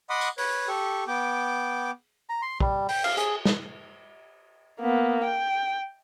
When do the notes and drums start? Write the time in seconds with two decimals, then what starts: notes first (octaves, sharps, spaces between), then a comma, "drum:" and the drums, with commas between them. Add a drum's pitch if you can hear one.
0.10 D#5 F#5 B5 C6 D6 D#6
0.21 drum: tambourine
0.38 B4 C#5, drum: open hi-hat
0.68 G4 A4 C#6
1.08 B3 G5 D6
2.29 A#5
2.42 C6
2.60 G3, drum: kick
2.89 G5, drum: open hi-hat
3.04 F5, drum: cymbal
3.17 G#4, drum: hi-hat
3.45 drum: snare
4.80 A#3 B3
5.24 G5